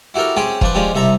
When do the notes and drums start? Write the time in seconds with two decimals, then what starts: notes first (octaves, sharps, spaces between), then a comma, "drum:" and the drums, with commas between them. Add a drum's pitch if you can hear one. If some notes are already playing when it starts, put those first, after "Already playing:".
0.14 E4 F#4 G4 A4 A#4
0.37 C4 C#4 G4 G#4 G5 A5
0.61 F3 D4 B4, drum: kick
0.75 F3 G#3 C#4 D4 G4
0.94 C2 C3 A4 E5 A#5